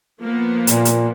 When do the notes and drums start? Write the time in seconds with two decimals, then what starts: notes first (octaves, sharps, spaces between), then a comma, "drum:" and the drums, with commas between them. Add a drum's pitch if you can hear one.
0.21 F3 A#3 B3
0.67 A#2, drum: hi-hat
0.85 drum: hi-hat